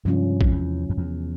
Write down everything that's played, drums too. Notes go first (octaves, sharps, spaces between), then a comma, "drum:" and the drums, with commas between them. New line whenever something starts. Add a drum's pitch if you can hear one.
G2 C3 F3 G#3 C#4 F4
drum: kick A#1
E2
F2
E2